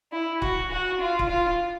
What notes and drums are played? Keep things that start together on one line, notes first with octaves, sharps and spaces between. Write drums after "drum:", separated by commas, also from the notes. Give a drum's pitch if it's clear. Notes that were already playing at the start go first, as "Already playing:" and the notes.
E4
F#4, drum: kick C#1
F#4
F4
drum: kick C#1
F4